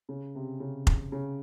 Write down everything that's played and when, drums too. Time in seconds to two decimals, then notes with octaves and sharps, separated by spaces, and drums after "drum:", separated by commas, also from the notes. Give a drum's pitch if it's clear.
0.09 C#3
0.35 C3
0.60 C#3
0.87 drum: kick F1
1.12 C#3